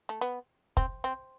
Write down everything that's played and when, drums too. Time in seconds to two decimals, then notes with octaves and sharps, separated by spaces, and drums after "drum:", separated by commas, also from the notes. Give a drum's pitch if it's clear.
0.09 A3
0.21 B3
0.77 C4, drum: kick
1.04 C4